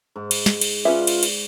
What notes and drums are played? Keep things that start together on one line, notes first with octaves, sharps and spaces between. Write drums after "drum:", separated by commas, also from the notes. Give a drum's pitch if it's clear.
G#2
drum: cymbal
drum: snare
drum: cymbal
C#4 F4 B4 D5 E5
drum: cymbal
drum: cymbal